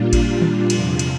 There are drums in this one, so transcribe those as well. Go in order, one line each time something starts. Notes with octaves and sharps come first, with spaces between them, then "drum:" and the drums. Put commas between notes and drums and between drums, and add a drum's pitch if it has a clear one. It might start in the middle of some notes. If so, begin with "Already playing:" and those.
Already playing: A#2 G3 D4 F4
drum: kick A1, cymbal
drum: tom D#3
E2 C3 F3, drum: cymbal
drum: cymbal